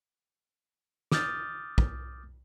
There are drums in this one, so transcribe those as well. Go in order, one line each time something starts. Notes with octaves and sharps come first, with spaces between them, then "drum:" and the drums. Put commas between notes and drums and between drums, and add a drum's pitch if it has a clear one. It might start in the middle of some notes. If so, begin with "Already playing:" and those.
D6 D#6 F6 G6 A6, drum: snare
drum: kick